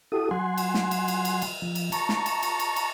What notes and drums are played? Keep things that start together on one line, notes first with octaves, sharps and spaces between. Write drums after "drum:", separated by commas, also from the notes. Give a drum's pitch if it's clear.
E4 F#4 G4 A4 D#6
F#3 F#5 G#5 C6
drum: cymbal
drum: snare
drum: cymbal
drum: cymbal
drum: cymbal
drum: cymbal
F3
drum: cymbal
A5 A#5 C#6, drum: cymbal
drum: snare
drum: cymbal
drum: cymbal
drum: cymbal
drum: cymbal